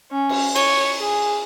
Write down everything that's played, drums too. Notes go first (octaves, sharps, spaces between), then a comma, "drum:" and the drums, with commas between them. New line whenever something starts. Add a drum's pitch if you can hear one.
C#4
drum: cymbal
C#5, drum: cymbal
G#4